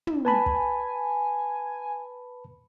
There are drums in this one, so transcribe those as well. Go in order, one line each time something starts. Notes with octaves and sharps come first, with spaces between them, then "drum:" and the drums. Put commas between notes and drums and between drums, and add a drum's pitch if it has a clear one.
drum: tom
B4 G#5 A5 B5
drum: kick